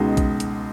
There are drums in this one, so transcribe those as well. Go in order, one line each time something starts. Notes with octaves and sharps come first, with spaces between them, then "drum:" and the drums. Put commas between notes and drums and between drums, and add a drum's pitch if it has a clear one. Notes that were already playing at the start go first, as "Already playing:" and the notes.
Already playing: C#2 B2 G#3 D#4
drum: kick A#1, hi-hat
drum: hi-hat